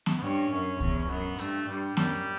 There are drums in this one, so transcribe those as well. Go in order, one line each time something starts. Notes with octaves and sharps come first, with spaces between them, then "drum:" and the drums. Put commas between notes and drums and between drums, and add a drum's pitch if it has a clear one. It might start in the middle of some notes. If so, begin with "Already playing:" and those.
drum: snare B3
B3
G2 C#4
F#2 C#4
E2 C#4, drum: kick C2
C#4
F#2 B3
G2 A3, drum: hi-hat
G2 G3
F#2 G3, drum: snare B3